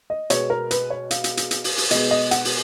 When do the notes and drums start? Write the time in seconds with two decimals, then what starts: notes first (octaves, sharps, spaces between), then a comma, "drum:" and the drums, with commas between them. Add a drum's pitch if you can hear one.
0.10 D#5
0.30 B2 G#3 B3 C#5, drum: hi-hat
0.50 A#4
0.71 B4, drum: hi-hat
0.90 C#5
1.11 F5, drum: hi-hat
1.24 drum: hi-hat
1.37 drum: hi-hat
1.51 drum: hi-hat
1.64 drum: open hi-hat
1.78 drum: open hi-hat
1.91 B2 G#3 B3 D#5, drum: hi-hat
2.11 D#5
2.31 F#5, drum: hi-hat
2.45 drum: open hi-hat